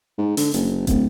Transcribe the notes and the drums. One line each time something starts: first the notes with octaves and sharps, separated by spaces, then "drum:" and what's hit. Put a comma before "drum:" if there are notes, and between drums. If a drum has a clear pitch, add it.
G#2
D3, drum: open hi-hat
F#1, drum: hi-hat
D1, drum: kick, hi-hat